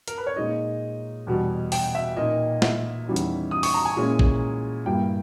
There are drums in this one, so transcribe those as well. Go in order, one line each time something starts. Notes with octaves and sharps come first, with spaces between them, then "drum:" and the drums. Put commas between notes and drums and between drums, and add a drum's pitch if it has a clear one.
A#4, drum: hi-hat
B4
C#5
A#2 G#3 D#4 D#5
E2 B2 G3
G5, drum: open hi-hat
E5
A#2 A#3 D#4 D#5
E5, drum: snare
E2 D#3 G3 C#4 E4
drum: hi-hat
D#6
C#6, drum: open hi-hat
A#5
G#5
A#2 G#3 C#4 E4
drum: kick A1
G2 G3 A#3 E4 G5